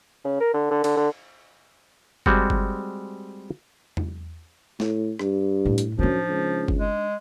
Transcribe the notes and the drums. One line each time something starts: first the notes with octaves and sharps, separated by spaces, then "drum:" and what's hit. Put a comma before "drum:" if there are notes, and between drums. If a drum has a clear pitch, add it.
C#3
A#4
D3
D3
D3, drum: cymbal
D3
G3 G#3 C4 F#4, drum: kick G1
drum: kick G1
drum: tom E2
A2, drum: snare
G2, drum: rim click
A2
drum: hi-hat
F#2 F3 D4 D#4
C#2
drum: kick G1
G#3